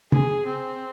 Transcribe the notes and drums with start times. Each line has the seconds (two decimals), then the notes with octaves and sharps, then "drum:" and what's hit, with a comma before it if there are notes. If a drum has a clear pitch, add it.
0.12 G#4, drum: tom
0.46 C4